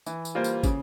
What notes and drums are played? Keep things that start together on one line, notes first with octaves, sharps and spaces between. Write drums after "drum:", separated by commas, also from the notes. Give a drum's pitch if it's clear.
E3, drum: tambourine
drum: tambourine
G3 A#3 F4 C5
drum: tambourine
C#3, drum: kick, tambourine